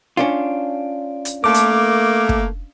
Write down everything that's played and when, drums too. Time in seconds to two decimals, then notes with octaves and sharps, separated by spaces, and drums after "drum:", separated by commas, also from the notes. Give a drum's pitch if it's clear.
0.17 C#4 D4 F4
1.25 drum: hi-hat
1.44 A3 A#3 D6
1.54 drum: hi-hat
2.29 drum: kick